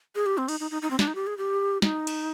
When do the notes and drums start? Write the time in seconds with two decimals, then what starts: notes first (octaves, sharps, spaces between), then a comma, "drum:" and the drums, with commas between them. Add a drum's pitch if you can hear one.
0.15 G#4
0.26 G4
0.38 C4
0.48 D#4, drum: cymbal
0.60 D#4
0.71 D#4
0.82 D#4
0.91 C4
0.99 D4, drum: snare
1.07 D#4
1.15 G4
1.27 G#4
1.38 G4
1.82 D#4, drum: snare
2.07 drum: cymbal